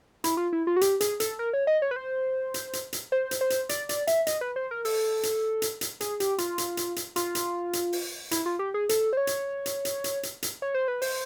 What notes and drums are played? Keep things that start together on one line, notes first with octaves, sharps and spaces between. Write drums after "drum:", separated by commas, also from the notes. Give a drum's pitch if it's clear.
E4, drum: hi-hat
F4
E4
F4
F#4
G4, drum: hi-hat
G#4, drum: hi-hat
A4, drum: hi-hat
A#4
C#5
D#5
C#5
B4
C5
drum: hi-hat
drum: hi-hat
drum: hi-hat
C5
drum: hi-hat
C5
drum: hi-hat
D5, drum: hi-hat
D5, drum: hi-hat
E5, drum: hi-hat
D#5, drum: hi-hat
B4
C5
A#4
A4, drum: open hi-hat
drum: hi-hat
drum: hi-hat
drum: hi-hat
G#4, drum: hi-hat
G4, drum: hi-hat
F4, drum: hi-hat
drum: hi-hat
drum: hi-hat
drum: hi-hat
F4, drum: hi-hat
drum: hi-hat
drum: hi-hat
drum: open hi-hat
E4, drum: hi-hat
F4
G4
G#4
A4, drum: hi-hat
C5
C#5
drum: hi-hat
drum: hi-hat
drum: hi-hat
drum: hi-hat
drum: hi-hat
drum: hi-hat
C#5
C5
B4
C5, drum: open hi-hat